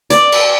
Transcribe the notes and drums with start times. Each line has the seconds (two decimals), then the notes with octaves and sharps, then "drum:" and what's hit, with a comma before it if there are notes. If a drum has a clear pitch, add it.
0.10 D5, drum: hi-hat
0.32 drum: cymbal